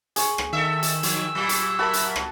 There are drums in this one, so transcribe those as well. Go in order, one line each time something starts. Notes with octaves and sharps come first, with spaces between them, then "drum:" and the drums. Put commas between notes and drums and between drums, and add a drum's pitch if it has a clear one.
G#4 C#6, drum: hi-hat
drum: rim click
D#3 A4 E5 E6
drum: hi-hat
F3, drum: hi-hat
A#2 F#3 B5
drum: hi-hat
F#4 A#4 E5 A5 B5
drum: hi-hat
drum: rim click